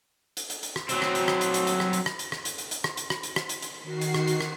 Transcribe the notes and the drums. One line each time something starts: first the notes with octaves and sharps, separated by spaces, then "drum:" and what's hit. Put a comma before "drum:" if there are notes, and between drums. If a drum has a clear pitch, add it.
drum: hi-hat
drum: hi-hat
drum: hi-hat
drum: rim click
F#3 C4, drum: hi-hat
drum: rim click
drum: hi-hat
drum: rim click
drum: hi-hat
drum: hi-hat
drum: hi-hat
drum: rim click
drum: hi-hat
drum: rim click
drum: hi-hat
drum: rim click
drum: hi-hat
drum: hi-hat
drum: hi-hat
drum: rim click
drum: hi-hat
drum: rim click
drum: hi-hat
drum: rim click
drum: hi-hat
drum: hi-hat
D#3 F#4 C7
drum: hi-hat
drum: rim click
drum: hi-hat
drum: rim click